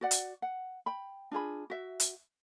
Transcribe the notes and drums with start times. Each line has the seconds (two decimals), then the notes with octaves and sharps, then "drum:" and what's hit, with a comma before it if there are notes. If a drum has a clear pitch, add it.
0.01 F#4 D5 F#5
0.11 drum: hi-hat
0.42 F#5
0.86 G5 B5
1.31 D4 F4 G#4 B5
1.70 F#4 E5
2.00 drum: hi-hat